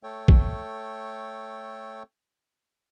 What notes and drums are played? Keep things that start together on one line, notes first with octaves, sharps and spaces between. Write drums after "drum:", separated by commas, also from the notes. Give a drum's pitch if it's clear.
A3 A4 C#5 G5
drum: kick